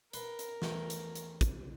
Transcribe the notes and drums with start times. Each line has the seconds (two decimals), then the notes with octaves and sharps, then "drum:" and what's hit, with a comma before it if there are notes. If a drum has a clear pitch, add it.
0.13 A#4 B4 C6, drum: hi-hat
0.39 drum: hi-hat
0.62 E2 A3 G5, drum: snare
0.90 drum: hi-hat
1.15 drum: hi-hat
1.41 drum: kick, hi-hat